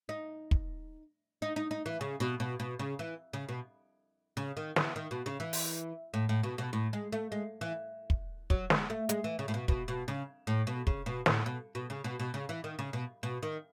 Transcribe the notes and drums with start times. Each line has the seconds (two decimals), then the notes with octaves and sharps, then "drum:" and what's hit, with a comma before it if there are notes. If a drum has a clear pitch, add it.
0.09 D#4
0.51 drum: kick
1.42 D#4
1.56 D#4
1.71 D#4
1.86 E3
2.01 C#3
2.20 B2
2.40 B2
2.60 B2
2.79 C#3
2.99 E3
3.33 C#3
3.49 B2
4.37 C#3
4.57 D#3
4.76 E3, drum: snare
4.96 D#3
5.11 B2
5.26 C#3
5.40 E3
5.53 drum: open hi-hat
6.14 A2
6.29 A2
6.43 B2
6.58 B2
6.73 A2
6.93 G#3
7.12 A3
7.32 G#3
7.61 E3
8.10 drum: kick
8.50 F#3, drum: kick
8.70 G#3, drum: snare
8.90 A3
9.09 G#3, drum: hi-hat
9.24 E3
9.39 C#3
9.48 A2
9.54 B2
9.68 B2, drum: kick
9.88 B2
10.08 C#3
10.47 A2
10.67 B2
10.87 C#3, drum: kick
11.06 B2
11.26 A2, drum: snare
11.46 B2
11.75 B2
11.90 C#3
12.04 B2
12.19 B2
12.34 C#3
12.49 E3
12.64 D#3
12.79 C#3
12.93 B2
13.23 B2
13.43 D#3